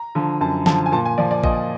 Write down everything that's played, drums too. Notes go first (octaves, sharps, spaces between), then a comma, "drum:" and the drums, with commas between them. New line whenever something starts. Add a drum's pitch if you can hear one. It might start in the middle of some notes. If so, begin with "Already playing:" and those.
Already playing: A#5
D3 F3
F#2 A5
D3 F3 A5, drum: snare
G#5
A#2 A5
G#5
F3 D5
D5
A#2 D#5, drum: kick A1